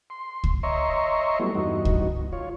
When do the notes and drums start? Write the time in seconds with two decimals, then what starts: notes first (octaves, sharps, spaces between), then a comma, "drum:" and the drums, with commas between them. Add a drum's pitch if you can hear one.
0.10 C6
0.44 drum: kick C#2
0.63 C#5 D#5 E5 A#5 C6 C#6
1.39 F#3 G3 A3 B3 E4
1.55 E2 G2 D#4 F#4
1.85 drum: kick C#2
2.33 F4 C#5